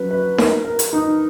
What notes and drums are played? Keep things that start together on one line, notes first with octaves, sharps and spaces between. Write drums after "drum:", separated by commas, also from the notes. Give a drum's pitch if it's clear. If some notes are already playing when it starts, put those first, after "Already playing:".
Already playing: F#3 C#4 B4
B4
A#4, drum: snare D#4
A#4
drum: hi-hat
D#4